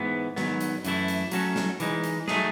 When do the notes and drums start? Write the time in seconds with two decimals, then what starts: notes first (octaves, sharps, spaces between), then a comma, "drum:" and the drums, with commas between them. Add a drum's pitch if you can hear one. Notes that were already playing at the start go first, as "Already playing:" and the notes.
Already playing: G#2 E3 B3
0.36 G#2 D#3 F#3 B3, drum: snare
0.60 drum: hi-hat
0.84 F#2 E3 A3 E4, drum: hi-hat
1.08 drum: hi-hat
1.31 F#3 A3 C#4 F#4 A4, drum: hi-hat
1.56 drum: snare
1.80 E3 G#3 D#4, drum: hi-hat
2.04 drum: hi-hat
2.28 F#3 A3 D#4 G#4, drum: snare